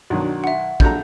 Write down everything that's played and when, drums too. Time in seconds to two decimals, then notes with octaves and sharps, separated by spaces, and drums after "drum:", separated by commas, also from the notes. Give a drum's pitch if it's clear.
0.10 B1 D#3 F#3 D4 F#4
0.44 E5 F#5
0.80 A#1 D4 F#4 A4 A#5 G6, drum: kick